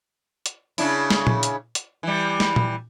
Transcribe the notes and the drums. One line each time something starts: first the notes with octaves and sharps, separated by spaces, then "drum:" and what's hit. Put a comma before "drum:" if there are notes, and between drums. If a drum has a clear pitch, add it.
drum: hi-hat
C#3 D4 E4, drum: open hi-hat
drum: snare
drum: tom A#2
drum: hi-hat
drum: hi-hat
E3 G3
drum: snare
drum: tom A#2